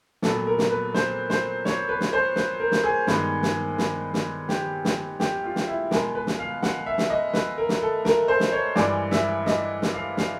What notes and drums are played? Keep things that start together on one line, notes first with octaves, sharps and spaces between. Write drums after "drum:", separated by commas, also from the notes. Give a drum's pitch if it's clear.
A#2 F#3 B3 A4, drum: snare
A#4
drum: snare
B4
C5, drum: snare
C5, drum: snare
C#5, drum: snare
B4
drum: snare
C5
B4, drum: snare
A#4
drum: snare
G#4
G2 D#3 G#3 B3, drum: snare
drum: snare
drum: snare
drum: snare
G4, drum: snare
drum: snare
G4, drum: snare
F4
drum: snare
E4
B2 G#3 B3 A#4, drum: snare
B4
drum: snare
F5
F#5, drum: snare
E5
drum: snare
D#5
B4, drum: snare
A#4
drum: snare
A4
A#4, drum: snare
C5
drum: snare
C#5
G2 E3 G#3 D5, drum: snare
E5, drum: snare
D#5, drum: snare
drum: snare
F5
F5, drum: snare